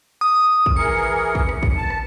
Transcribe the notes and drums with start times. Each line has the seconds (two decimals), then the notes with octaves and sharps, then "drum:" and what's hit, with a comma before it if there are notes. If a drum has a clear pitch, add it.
0.21 D#6
0.66 drum: kick
0.76 E3 G#4 A#4 C#7
1.35 drum: kick
1.49 drum: rim click
1.63 drum: kick
1.76 A5
1.90 drum: rim click